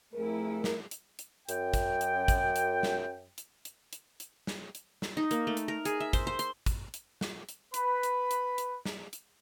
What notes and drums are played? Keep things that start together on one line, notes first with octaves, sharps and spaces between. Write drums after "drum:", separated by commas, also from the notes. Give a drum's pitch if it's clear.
F2 A3 E4 G#4 A#4
drum: snare
drum: hi-hat
drum: hi-hat
F#2 G5, drum: hi-hat
drum: kick, hi-hat
drum: hi-hat
drum: kick, hi-hat
drum: hi-hat
drum: snare
drum: hi-hat
drum: hi-hat
drum: hi-hat
drum: hi-hat
drum: snare
drum: hi-hat
drum: snare
D#4
A#3, drum: hi-hat
A3
drum: hi-hat
A#4
G#4, drum: hi-hat
E5
C5, drum: kick, hi-hat
C5
C6, drum: hi-hat
drum: kick, hi-hat
drum: hi-hat
drum: snare
drum: hi-hat
B4 B5, drum: hi-hat
drum: hi-hat
drum: hi-hat
drum: hi-hat
drum: snare
drum: hi-hat